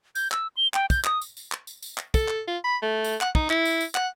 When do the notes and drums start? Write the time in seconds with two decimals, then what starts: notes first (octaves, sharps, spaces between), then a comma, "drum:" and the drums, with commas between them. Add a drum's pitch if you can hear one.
0.15 G6, drum: tambourine
0.31 E6, drum: clap
0.57 G7
0.74 G5, drum: clap
0.90 G6, drum: kick, tambourine
1.04 D#6, drum: clap
1.22 drum: tambourine
1.37 drum: tambourine
1.52 drum: clap
1.67 drum: tambourine
1.82 drum: tambourine
1.98 drum: clap
2.14 A4, drum: kick, tambourine
2.28 drum: clap
2.48 F4
2.64 B5
2.82 A3
3.04 drum: tambourine
3.21 F#5, drum: clap
3.35 D#4, drum: kick
3.50 E4, drum: clap
3.65 drum: tambourine
3.81 drum: tambourine
3.95 F#5, drum: clap